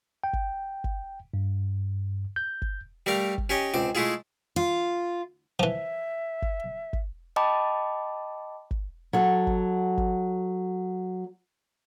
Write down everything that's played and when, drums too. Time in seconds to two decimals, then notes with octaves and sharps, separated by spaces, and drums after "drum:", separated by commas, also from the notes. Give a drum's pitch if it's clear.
0.24 G5
0.33 drum: kick
0.84 drum: kick
1.34 G2
2.36 G6
2.62 drum: kick
3.06 G3 A3 A#4 F5
3.38 drum: kick
3.50 C#4 G4 C#5 D#5
3.74 C#2 C4 D6
3.95 G#3 A3 E4 F4 G#4
4.56 F4
5.60 E3 F3 E5
6.42 drum: kick
6.93 drum: kick
7.36 D#5 G5 A5 B5 D6
8.71 drum: kick
9.13 F#3 A4
9.47 drum: kick
9.98 drum: kick